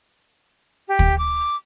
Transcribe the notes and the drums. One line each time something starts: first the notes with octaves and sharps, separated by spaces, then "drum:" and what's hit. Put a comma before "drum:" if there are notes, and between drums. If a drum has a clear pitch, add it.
G4
drum: kick
D6